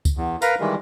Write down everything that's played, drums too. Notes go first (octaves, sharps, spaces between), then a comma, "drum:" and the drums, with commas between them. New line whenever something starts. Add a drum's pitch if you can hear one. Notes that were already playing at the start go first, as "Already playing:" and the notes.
drum: kick C#2, tambourine
E2
A#4 B4 F5 A#5, drum: tambourine
D#3 E3 G3 G#3